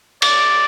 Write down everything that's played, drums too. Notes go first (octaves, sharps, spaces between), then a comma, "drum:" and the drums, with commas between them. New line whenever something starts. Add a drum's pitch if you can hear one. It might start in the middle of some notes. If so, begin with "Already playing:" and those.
D5, drum: cymbal